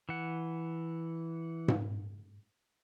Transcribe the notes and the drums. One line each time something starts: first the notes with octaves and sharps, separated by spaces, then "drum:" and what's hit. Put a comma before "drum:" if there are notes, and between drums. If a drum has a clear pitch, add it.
E3 F#5
drum: tom G#2